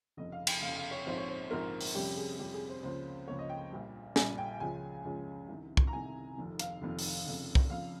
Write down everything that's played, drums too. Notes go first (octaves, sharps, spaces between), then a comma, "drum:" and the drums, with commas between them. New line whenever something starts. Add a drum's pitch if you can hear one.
F1 F2 C#3 D#5
F5
G5, drum: cymbal
F1 F2 C#3 F5
F5
C#5
A#1 G#2 F3 C4 C5
C#5
C5
A#1 G#2 F3 C4 A#4
drum: open hi-hat
F2 C3 G3 C#4 G4
G#4
F2 C3 G3 C#4 G4
G#4
C5
C#2 C#3 F3 A#3 C#4 C5
C#2 C#3 F3 A#3 C#4 C#5
D#5
G5
A#1 A#2 G3
A#1 A#2 G3 G#5, drum: snare
G5
C#2 C#3 F3 G#3 C#4 G#5
C#2 C#3 F3 G#3 C#4
C2 C3 D#3
drum: kick
A#5
C2 C3 D#3 G#5
F1 F2 D#3
F5, drum: hi-hat
F1 F2 D#3
drum: open hi-hat
F1 F2 C#3
drum: kick
F1 F2 C#3 F5